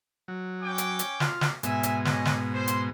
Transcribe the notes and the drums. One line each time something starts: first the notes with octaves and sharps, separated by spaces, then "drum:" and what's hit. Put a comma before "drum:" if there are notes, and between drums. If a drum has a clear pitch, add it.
F#3
C#4 G5 D6
drum: hi-hat
drum: hi-hat
F4, drum: snare
drum: snare
G#2 B2 E5 G#5, drum: hi-hat
drum: hi-hat
C#4 D#5 G#5, drum: snare
drum: snare
C5
drum: hi-hat